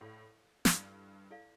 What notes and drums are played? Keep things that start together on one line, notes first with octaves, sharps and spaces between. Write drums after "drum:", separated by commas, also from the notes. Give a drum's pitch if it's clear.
A2 E4 A4 D5 F5
G2 E4 A4 D5 F5, drum: snare
E4 A4 D5 F5